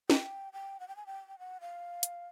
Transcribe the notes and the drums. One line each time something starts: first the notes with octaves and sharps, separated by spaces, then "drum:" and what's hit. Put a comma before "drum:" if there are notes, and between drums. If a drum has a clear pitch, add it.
G5, drum: snare
G5
F#5
G5
G#5
G5
G5
F#5
F5
drum: hi-hat